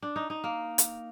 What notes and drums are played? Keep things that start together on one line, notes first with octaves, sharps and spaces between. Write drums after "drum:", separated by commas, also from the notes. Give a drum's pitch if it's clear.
D4
D#4
D#4
A#3
drum: hi-hat